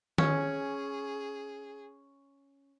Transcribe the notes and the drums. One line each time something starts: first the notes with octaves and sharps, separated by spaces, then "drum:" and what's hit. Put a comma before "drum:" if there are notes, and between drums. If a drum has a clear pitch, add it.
C#4 G#4, drum: tom D#3